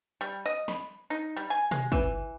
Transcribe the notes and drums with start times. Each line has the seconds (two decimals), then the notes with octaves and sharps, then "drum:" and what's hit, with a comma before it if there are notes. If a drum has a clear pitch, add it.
0.21 G3
0.46 D#5
0.68 B5, drum: snare
1.10 D#4
1.37 G3
1.50 G#5
1.71 G#3, drum: tom B2
1.92 E3, drum: kick